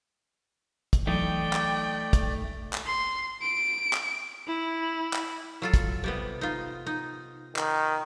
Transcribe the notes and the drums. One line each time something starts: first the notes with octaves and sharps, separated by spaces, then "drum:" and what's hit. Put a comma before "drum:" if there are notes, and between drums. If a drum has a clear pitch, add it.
drum: kick, hi-hat
E3 F#3 A3 D#4 D5 G5
drum: clap
drum: kick, hi-hat
drum: clap
C6
D7
drum: clap
E4
drum: clap
F#3 F4 A4
drum: kick, hi-hat
C3 G3 B3
D#4 F4
D#4
D#3, drum: clap